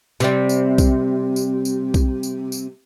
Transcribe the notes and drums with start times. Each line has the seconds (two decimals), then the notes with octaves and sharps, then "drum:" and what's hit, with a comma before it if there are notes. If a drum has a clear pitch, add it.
0.20 C3 G3, drum: tambourine
0.49 drum: tambourine
0.78 drum: kick B1, tambourine
1.36 drum: tambourine
1.65 drum: tambourine
1.94 drum: kick B1, tambourine
2.23 drum: tambourine
2.52 drum: tambourine